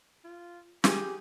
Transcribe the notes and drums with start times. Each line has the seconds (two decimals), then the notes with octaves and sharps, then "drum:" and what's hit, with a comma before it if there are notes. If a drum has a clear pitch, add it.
0.24 F4
0.84 G4 G#4, drum: snare